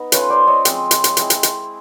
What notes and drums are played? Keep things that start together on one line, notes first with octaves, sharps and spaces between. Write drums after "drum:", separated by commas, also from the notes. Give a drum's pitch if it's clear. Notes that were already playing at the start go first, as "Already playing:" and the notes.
Already playing: B3 D#4
A3 C#4 F4 B4 C#5, drum: hi-hat
C5 D5
C#5 D#5
F3 G#3 C4, drum: hi-hat
drum: hi-hat
drum: hi-hat
G#3 C4 E4, drum: hi-hat
drum: hi-hat
drum: hi-hat